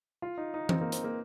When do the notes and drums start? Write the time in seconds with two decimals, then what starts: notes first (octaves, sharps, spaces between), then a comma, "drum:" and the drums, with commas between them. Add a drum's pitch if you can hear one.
0.22 F4
0.38 D#4
0.54 D#4
0.69 C4, drum: tom E3
0.81 A#3
0.92 C4, drum: hi-hat
1.04 A#3